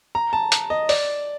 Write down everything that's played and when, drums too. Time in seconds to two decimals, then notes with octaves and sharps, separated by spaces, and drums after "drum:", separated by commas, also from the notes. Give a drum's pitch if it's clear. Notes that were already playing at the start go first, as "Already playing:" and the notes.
0.15 A#5
0.33 A5
0.52 drum: hi-hat
0.70 D#5
0.89 D5, drum: open hi-hat